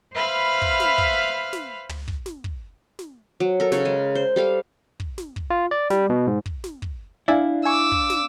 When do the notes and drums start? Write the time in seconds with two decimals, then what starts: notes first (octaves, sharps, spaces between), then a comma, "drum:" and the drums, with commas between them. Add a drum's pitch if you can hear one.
0.15 B4 C5 E5 F5 B5 F6
0.62 drum: kick
0.80 drum: snare
0.98 drum: kick
1.53 drum: snare
1.89 drum: tom
2.08 drum: kick
2.26 drum: snare
2.44 drum: kick
2.99 drum: snare
3.40 F#3
3.60 A4 A#4
3.72 C#3 C#5, drum: snare
3.85 G#3
4.15 C5
4.36 G3 A4 F5
5.00 drum: kick
5.18 drum: snare
5.36 drum: kick
5.50 F4
5.71 D5
5.90 G3, drum: snare
6.10 B2
6.27 G#2
6.46 drum: kick
6.64 drum: snare
6.82 drum: kick
7.28 D4 E4 D5 E5 F5 G#5
7.65 G#5 C#6 D6 E6
7.92 drum: kick
8.10 drum: snare